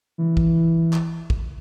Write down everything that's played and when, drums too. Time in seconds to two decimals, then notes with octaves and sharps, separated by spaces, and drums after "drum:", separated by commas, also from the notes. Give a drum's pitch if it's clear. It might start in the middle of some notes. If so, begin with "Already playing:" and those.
0.18 E3
0.37 drum: kick
0.93 drum: clap
1.30 drum: kick